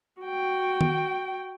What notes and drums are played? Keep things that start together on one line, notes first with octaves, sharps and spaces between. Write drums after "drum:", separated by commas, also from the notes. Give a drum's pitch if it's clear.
F#4 G5
drum: tom D#3